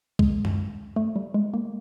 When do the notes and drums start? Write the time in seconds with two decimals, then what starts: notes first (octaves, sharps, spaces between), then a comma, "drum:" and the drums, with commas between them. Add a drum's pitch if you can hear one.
0.19 G#3, drum: kick
0.45 drum: tom F#2
0.96 A3
1.16 G3
1.34 G#3
1.54 A#3